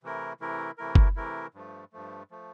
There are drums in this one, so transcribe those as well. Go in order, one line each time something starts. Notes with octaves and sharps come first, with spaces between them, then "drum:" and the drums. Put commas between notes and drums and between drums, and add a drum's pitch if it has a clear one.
C3 E3 A3 E4 A#4
C3 E3 A3 E4 A#4
C3 E3 A3 E4 A#4
drum: kick F#1
C3 E3 A3 E4 A#4
G2 F3 A3
G2 F3 A3
F3 A3